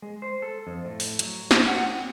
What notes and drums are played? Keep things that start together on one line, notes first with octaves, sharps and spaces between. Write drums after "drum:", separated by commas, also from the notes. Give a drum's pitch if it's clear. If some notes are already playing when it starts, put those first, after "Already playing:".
G#3
C5
A4
F2
A2
drum: open hi-hat
F#3, drum: hi-hat
D4, drum: snare
F#5
C4